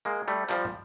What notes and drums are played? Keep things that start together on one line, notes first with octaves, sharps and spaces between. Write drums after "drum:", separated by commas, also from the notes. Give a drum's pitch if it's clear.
G#3 A#3
G3 A3
F3 G3, drum: clap
drum: tom